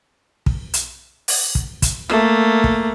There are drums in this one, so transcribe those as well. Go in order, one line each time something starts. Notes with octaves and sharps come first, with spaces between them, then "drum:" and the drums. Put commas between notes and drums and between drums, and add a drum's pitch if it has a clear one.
drum: kick
drum: hi-hat
drum: open hi-hat
drum: kick
drum: kick, hi-hat
A3 A#3, drum: rim click
drum: kick